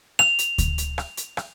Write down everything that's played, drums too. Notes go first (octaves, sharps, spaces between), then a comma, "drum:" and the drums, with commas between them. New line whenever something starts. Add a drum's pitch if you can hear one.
F7, drum: rim click
drum: hi-hat
drum: kick D2, hi-hat
drum: hi-hat
drum: rim click
drum: hi-hat
drum: rim click